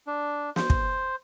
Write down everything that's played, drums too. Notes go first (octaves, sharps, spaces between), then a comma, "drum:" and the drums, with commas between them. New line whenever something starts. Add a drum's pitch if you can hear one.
D4
C5, drum: snare
drum: kick